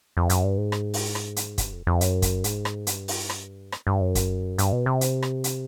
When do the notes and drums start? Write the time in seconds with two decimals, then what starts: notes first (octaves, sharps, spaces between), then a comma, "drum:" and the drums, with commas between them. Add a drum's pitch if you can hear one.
0.17 F2
0.29 F#2, drum: hi-hat
0.44 G2
0.58 G#2
0.72 drum: rim click
0.94 drum: open hi-hat
1.15 drum: rim click
1.36 drum: hi-hat
1.58 G2, drum: kick, hi-hat
1.73 F2
1.87 F2
2.01 F#2, drum: hi-hat
2.22 drum: kick, hi-hat
2.44 G#2, drum: hi-hat
2.65 drum: rim click
2.87 G2, drum: hi-hat
3.08 drum: open hi-hat
3.29 drum: rim click
3.72 drum: rim click
3.87 G2
4.01 F#2
4.15 drum: kick, hi-hat
4.58 G2, drum: hi-hat
4.73 B2
4.86 C3
5.01 drum: hi-hat
5.22 drum: rim click
5.44 drum: hi-hat